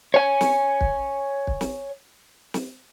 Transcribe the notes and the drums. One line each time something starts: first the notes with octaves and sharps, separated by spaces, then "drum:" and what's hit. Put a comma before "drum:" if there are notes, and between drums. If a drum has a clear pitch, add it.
C#5 G#5
drum: snare
drum: kick
drum: kick
drum: snare
drum: snare